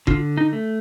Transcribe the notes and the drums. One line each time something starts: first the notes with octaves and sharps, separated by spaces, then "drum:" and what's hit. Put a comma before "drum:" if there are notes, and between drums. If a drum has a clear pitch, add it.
D3 F4, drum: kick F1
D#4
A3